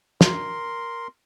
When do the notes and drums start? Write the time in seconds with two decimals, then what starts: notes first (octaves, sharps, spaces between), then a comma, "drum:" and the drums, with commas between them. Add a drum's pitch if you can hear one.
0.21 A#4 C6, drum: snare